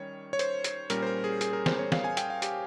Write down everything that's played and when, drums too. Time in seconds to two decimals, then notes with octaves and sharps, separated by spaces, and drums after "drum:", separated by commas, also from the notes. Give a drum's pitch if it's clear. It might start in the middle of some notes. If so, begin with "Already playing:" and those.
Already playing: D#3 G3 C#4 C#5
0.33 C#5
0.39 C5, drum: hi-hat
0.64 drum: hi-hat
0.90 A#2 G3 C#4 A#4, drum: hi-hat
1.02 C5
1.07 A#4
1.24 G#4
1.41 G#4, drum: hi-hat
1.53 A#4
1.66 C5, drum: snare
1.79 C#5
1.92 F5, drum: snare
2.04 G#5
2.17 G5, drum: hi-hat
2.30 F5
2.42 G4, drum: hi-hat